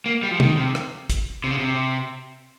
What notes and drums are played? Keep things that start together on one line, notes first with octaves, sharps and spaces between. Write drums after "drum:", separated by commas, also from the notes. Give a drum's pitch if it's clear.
A#3
G3
F3
D#3, drum: tom
C3
drum: rim click
drum: kick, hi-hat
C3
C#3
C3